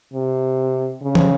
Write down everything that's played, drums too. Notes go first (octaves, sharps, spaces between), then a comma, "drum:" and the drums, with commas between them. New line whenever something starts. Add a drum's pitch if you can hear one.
C3
C#3
drum: tom